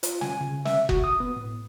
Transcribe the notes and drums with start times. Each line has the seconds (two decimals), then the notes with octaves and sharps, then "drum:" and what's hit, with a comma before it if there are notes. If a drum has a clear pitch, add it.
0.03 F4, drum: hi-hat
0.21 G#5, drum: snare
0.41 C#3
0.65 E5, drum: snare
0.89 F#4, drum: kick F#1
1.04 D#6
1.20 B3
1.36 A2